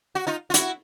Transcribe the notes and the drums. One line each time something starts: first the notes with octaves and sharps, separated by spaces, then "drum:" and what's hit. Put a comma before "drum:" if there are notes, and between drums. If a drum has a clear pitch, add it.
F#4
D#4 F4
F4
E4 F#4, drum: hi-hat